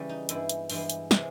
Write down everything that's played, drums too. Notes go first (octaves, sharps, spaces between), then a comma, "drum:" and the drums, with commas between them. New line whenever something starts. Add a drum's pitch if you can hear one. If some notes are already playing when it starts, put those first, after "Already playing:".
Already playing: C#3 E3 G3
D#4
G2 E3 G#3 B3 E4, drum: hi-hat
drum: hi-hat
G2 E3 G#3 B3, drum: open hi-hat
drum: hi-hat
C3 E3 G#3, drum: snare